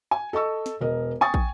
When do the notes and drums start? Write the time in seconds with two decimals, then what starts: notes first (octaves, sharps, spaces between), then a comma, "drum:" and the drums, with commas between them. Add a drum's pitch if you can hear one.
0.11 G#5
0.33 A4 D#5 C#6 E6
0.66 drum: snare
0.81 E1 A#4 D#5
1.21 G5 G#5 C#6 D#6 A6
1.34 drum: kick